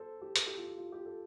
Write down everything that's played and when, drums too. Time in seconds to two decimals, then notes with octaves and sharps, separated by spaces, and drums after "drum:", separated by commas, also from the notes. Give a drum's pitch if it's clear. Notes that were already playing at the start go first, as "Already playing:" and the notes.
Already playing: A4 C5
0.22 G4
0.36 A4, drum: hi-hat
0.46 G4
0.57 F4
0.67 G4
0.77 F4
0.92 G4
1.06 A4